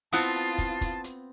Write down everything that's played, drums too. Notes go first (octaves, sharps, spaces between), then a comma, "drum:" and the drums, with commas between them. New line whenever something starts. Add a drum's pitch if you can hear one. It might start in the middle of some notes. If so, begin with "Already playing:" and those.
B3 C4 E4 F4 A5 D#6, drum: hi-hat
drum: hi-hat
drum: kick, hi-hat
drum: kick, hi-hat
drum: hi-hat